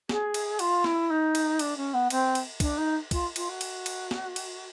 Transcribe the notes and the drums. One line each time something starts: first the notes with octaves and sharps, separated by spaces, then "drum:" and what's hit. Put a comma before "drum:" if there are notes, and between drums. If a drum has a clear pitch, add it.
G#4, drum: snare
drum: cymbal
F4, drum: cymbal
E4, drum: snare
D#4
drum: cymbal
D4, drum: cymbal
C#4
B3
C4, drum: cymbal
drum: cymbal
D4, drum: kick, cymbal
D#4
F4, drum: kick, cymbal
F4, drum: cymbal
F#4
drum: cymbal
drum: cymbal
drum: snare
drum: cymbal